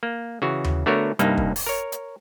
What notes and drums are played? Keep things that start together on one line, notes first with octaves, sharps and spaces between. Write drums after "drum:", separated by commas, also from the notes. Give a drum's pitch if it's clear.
A#3
C#3 E3 F#4
drum: tom D#2
D3 A3 B3 F#4 A#4 C#5
C2 G2 A#3 D#4, drum: hi-hat
drum: kick
drum: open hi-hat
A#4 C#5
drum: hi-hat